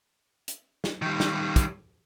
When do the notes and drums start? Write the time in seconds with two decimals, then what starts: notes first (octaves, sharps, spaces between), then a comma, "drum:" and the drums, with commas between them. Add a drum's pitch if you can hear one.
0.48 drum: hi-hat
0.84 drum: snare
1.02 D#3 G3
1.20 drum: snare
1.56 drum: kick, hi-hat